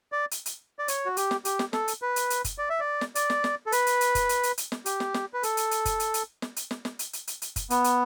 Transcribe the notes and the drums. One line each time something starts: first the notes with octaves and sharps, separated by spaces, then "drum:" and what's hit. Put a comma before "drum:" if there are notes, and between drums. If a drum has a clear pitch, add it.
D5
drum: hi-hat
drum: hi-hat
D5
C#5, drum: hi-hat
F#4
G4, drum: hi-hat
drum: snare
G4, drum: hi-hat
drum: snare
A4, drum: snare
drum: hi-hat
B4
drum: hi-hat
drum: hi-hat
drum: kick, hi-hat
D5
E5
D5
drum: snare
D5, drum: hi-hat
drum: snare
drum: snare
A4
B4, drum: hi-hat
drum: hi-hat
drum: hi-hat
drum: kick, hi-hat
drum: hi-hat
drum: hi-hat
drum: hi-hat
drum: snare
G4, drum: hi-hat
drum: snare
drum: snare
B4
A4, drum: hi-hat
drum: hi-hat
drum: hi-hat
drum: kick, hi-hat
drum: hi-hat
drum: hi-hat
drum: snare
drum: hi-hat
drum: snare
drum: snare
drum: hi-hat
drum: hi-hat
drum: hi-hat
drum: hi-hat
drum: kick, hi-hat
B3, drum: hi-hat
drum: hi-hat